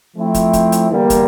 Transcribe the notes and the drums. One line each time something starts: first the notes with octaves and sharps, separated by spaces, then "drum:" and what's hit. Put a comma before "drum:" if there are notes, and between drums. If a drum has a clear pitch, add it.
F3 A3 C4 E4
drum: kick, hi-hat
drum: kick, hi-hat
drum: hi-hat
E2 D3 G3 A#3
drum: kick, hi-hat